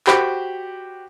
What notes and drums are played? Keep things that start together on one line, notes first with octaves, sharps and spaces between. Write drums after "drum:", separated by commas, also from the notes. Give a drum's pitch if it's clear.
F#4 G4 C5 G5 B5, drum: clap